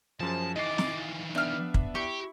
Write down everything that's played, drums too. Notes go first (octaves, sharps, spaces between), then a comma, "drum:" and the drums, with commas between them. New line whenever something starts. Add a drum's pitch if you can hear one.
F#2 F3 G#4 C5 A5
D#3 E3 D#5 D6 A6 C7
drum: snare
F5
B3 D4 G4 E5 F6
drum: kick
E4 G4 C#6